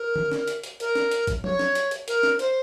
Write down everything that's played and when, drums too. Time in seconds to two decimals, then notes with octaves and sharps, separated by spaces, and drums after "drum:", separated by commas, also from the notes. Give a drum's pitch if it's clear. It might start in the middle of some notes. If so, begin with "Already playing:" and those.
Already playing: A#4
0.16 drum: tom D3
0.32 drum: snare
0.48 drum: hi-hat
0.63 drum: hi-hat
0.80 A#4, drum: hi-hat
0.95 drum: snare
1.11 drum: hi-hat
1.27 drum: kick, hi-hat
1.44 C#5, drum: tom F#3
1.59 drum: snare
1.75 drum: hi-hat
1.91 drum: hi-hat
2.08 A#4, drum: hi-hat
2.23 drum: snare
2.39 C5, drum: hi-hat